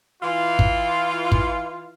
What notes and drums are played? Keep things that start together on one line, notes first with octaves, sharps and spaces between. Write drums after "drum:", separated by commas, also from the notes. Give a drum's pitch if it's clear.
E3 F4
drum: kick
drum: kick